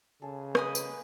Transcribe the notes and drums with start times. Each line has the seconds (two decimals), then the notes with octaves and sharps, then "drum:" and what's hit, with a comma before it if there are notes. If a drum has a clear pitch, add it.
0.22 C#3 G#4 A4
0.55 A#3 G#4 B4 D#5 G#5 D#6, drum: rim click
0.75 drum: tambourine